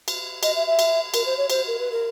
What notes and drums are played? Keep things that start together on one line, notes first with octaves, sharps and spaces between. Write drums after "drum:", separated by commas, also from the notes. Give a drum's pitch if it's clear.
drum: cymbal
D#5, drum: cymbal
E5
E5
drum: cymbal
A#4, drum: cymbal
C5
C#5
C5, drum: cymbal
A#4
B4
A#4